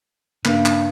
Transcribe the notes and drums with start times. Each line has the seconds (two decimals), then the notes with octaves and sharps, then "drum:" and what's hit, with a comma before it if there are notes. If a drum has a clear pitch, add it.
0.45 G2 C#3 A#3 B5, drum: clap
0.66 drum: clap